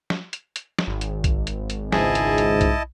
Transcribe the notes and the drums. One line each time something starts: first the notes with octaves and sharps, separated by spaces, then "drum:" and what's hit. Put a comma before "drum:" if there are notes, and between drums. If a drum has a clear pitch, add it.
drum: snare
drum: hi-hat
drum: hi-hat
drum: snare
G#1
drum: hi-hat
drum: kick B1, hi-hat
drum: hi-hat
drum: hi-hat
C#2 G#2 E4 G#4 D#5 A5, drum: snare
drum: hi-hat
drum: hi-hat
drum: kick B1, hi-hat